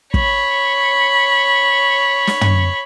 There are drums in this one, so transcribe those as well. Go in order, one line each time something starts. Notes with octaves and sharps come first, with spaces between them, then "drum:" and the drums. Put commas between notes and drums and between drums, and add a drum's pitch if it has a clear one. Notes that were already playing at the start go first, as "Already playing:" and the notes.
C#5 B5, drum: kick
drum: snare
drum: tom